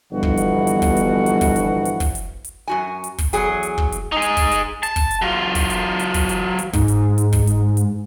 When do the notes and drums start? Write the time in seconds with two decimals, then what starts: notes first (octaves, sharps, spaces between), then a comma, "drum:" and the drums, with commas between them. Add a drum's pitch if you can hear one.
0.12 G1 G2 B2 E3 F3 F#4
0.23 drum: kick
0.37 drum: hi-hat
0.67 drum: hi-hat
0.82 drum: kick, open hi-hat
0.97 drum: hi-hat
1.26 drum: hi-hat
1.41 drum: kick, open hi-hat
1.56 drum: hi-hat
1.85 drum: hi-hat
2.00 drum: kick, open hi-hat
2.15 drum: hi-hat
2.44 drum: hi-hat
2.68 F#2 F#4 G#5
3.04 drum: hi-hat
3.18 drum: kick, open hi-hat
3.33 E2 F#3 G#4 G#5, drum: hi-hat
3.63 drum: hi-hat
3.78 drum: kick
3.92 drum: hi-hat
4.12 D#4 G#4
4.22 drum: hi-hat
4.37 drum: kick, open hi-hat
4.52 drum: hi-hat
4.83 A5, drum: hi-hat
4.96 drum: kick, open hi-hat
5.11 drum: hi-hat
5.22 F#3 F4
5.55 drum: kick, open hi-hat
5.70 drum: hi-hat
5.99 drum: hi-hat
6.14 drum: kick, open hi-hat
6.29 drum: hi-hat
6.59 drum: hi-hat
6.73 G#2, drum: kick, open hi-hat
6.88 drum: hi-hat
7.18 drum: hi-hat
7.33 drum: kick, open hi-hat
7.47 drum: hi-hat
7.77 drum: hi-hat